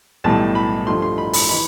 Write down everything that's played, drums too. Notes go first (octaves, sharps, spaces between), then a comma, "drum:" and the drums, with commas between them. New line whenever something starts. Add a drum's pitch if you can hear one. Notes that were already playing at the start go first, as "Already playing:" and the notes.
B1 A2 E3 G3 A5
B5
G2 F3 A3 C6
C6
B5
B5, drum: open hi-hat
E3 B5